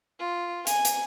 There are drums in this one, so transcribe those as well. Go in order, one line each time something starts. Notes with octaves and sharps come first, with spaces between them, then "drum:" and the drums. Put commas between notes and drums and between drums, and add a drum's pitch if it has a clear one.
F4
G#5, drum: hi-hat
drum: hi-hat